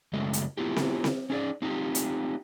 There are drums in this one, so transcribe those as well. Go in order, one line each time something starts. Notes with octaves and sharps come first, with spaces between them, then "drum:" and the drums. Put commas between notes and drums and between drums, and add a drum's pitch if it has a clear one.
F#2 C#3 F#3 G#3 A3 D#5
drum: hi-hat
B3 E4 F4 G4
drum: snare C4
drum: snare C4
C#4 D#4 G#4 B4 D5
C4 D#4 F4 G4
drum: hi-hat